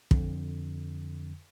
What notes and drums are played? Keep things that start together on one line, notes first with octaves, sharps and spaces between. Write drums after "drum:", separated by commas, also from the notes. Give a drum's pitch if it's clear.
F2 D3, drum: kick